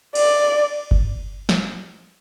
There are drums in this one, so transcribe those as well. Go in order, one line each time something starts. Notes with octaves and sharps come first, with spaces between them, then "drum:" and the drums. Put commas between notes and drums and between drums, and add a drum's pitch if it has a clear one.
D5, drum: cymbal
drum: kick G1
drum: snare